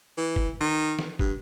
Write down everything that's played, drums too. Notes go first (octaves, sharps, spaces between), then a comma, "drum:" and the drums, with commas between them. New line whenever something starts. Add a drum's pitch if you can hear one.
E3
drum: kick
D#3
drum: snare
G2, drum: kick